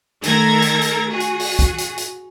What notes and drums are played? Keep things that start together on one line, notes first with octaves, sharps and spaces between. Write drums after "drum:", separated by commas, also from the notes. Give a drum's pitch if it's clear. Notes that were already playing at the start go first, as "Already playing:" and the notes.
D#3 A3 A4 A#4 G#6 A#6, drum: hi-hat
drum: hi-hat
drum: hi-hat
F#4 G#4
drum: hi-hat
drum: open hi-hat
drum: kick, hi-hat
drum: hi-hat
drum: hi-hat